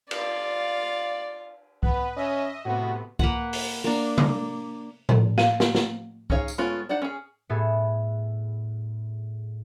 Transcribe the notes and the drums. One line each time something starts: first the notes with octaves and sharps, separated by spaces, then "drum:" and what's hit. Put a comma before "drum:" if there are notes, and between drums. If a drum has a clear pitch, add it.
F4 D5 F5, drum: cymbal
B3 B4, drum: kick C2
C#4 D#5 E5
A2 C3 B3 F#4
A#3 B4 F#5, drum: kick C2
drum: open hi-hat
A#3 D4
drum: tom C3
drum: tom A2
F5, drum: snare
drum: snare
drum: snare
C#4 D#4 G#4 C#5 F5, drum: kick C2
drum: tambourine
G#3 A3 B3 C#4 F4
D4 D#4 D5 F#5
C#4 G#4
A2 B3 G#4 A4